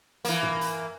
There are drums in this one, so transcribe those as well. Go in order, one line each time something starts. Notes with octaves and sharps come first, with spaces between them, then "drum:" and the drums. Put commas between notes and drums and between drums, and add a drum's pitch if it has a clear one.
E3 A#3, drum: hi-hat
drum: tom
drum: hi-hat